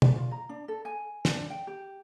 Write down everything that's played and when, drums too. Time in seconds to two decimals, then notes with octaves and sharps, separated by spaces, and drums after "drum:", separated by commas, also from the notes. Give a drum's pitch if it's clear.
0.02 D5, drum: tom
0.16 F4
0.31 A#5
0.49 D4
0.68 A4
0.85 G#5
1.25 D4, drum: snare
1.50 G5
1.67 G4